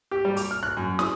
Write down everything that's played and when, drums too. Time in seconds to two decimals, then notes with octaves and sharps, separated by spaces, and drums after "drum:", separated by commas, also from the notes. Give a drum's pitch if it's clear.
0.11 G4
0.25 G3
0.37 D6, drum: open hi-hat
0.51 F6
0.63 F#6
0.77 F#2
0.99 D#6, drum: snare